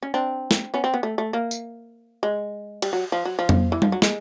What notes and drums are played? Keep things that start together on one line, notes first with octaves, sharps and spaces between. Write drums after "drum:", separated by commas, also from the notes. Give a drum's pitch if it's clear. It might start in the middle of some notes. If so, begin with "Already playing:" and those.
C#4
C4 D4
drum: snare
B3 C#4
C4
B3
A3
A3
A#3
drum: tambourine
G#3
G3, drum: cymbal
F#3
F3
F#3
F3
drum: tom
E3
F3, drum: tom G3
F#3
G#3, drum: snare